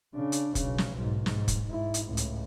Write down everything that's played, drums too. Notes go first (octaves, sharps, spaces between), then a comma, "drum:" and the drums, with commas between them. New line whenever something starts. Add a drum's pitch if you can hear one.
C#3 D4
drum: hi-hat
B1 C#3, drum: kick, hi-hat
drum: snare
B1 G#2
G#2, drum: snare
drum: kick, hi-hat
G#2 E4
drum: hi-hat
C#2 A2
drum: hi-hat